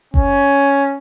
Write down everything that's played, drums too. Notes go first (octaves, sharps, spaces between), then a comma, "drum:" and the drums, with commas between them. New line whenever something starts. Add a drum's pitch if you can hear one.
C#4, drum: kick F#1